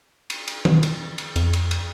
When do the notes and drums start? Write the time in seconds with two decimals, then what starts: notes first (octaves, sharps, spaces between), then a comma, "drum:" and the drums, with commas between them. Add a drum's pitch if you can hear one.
0.30 drum: cymbal
0.48 drum: cymbal
0.65 drum: tom D#3
0.83 drum: cymbal
1.18 drum: cymbal
1.36 F2, drum: cymbal
1.53 drum: cymbal
1.71 drum: cymbal